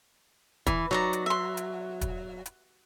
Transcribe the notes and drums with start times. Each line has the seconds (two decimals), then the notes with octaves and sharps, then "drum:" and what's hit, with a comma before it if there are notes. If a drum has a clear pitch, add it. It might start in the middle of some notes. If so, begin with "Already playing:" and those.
0.66 E3, drum: kick, hi-hat
0.91 F#3 D#4 D5 A#5
1.13 drum: hi-hat
1.26 E5 C6
1.57 drum: hi-hat
2.01 drum: kick, hi-hat
2.46 drum: hi-hat